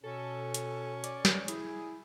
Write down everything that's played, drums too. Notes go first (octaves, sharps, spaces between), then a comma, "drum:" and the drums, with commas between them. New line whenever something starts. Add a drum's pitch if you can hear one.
B2 C#4 A4
drum: hi-hat
D5, drum: hi-hat
drum: snare
E4 G#4, drum: hi-hat